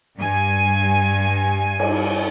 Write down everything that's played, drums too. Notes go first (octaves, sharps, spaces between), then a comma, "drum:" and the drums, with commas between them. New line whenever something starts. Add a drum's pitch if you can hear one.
G2 G#5
drum: cymbal